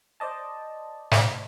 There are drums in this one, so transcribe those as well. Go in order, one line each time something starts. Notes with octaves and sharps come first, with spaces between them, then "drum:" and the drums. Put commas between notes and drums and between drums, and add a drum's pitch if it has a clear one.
C5 D5 D#5 A5
drum: snare